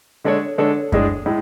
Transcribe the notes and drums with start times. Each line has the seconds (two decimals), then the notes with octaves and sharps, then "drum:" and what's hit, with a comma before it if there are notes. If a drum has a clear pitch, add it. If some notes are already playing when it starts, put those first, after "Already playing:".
0.24 D3 G#3 D4 A4 C#5
0.58 D3 G#3 D4 A4 C#5
0.92 A2 G#3 D4 G#4, drum: kick F#2
1.26 A2 G#3